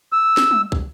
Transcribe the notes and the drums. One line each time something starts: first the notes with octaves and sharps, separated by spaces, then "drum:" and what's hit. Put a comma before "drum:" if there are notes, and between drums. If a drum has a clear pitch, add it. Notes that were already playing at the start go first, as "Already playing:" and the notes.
E6
drum: snare
drum: tom G3
drum: kick